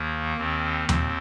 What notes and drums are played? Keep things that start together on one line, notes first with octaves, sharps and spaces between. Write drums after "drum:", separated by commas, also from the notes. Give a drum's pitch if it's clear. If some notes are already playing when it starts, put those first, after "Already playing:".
Already playing: D#2 D#3 A#3
D#2 D#3 C4
D#2 C4, drum: tom D#2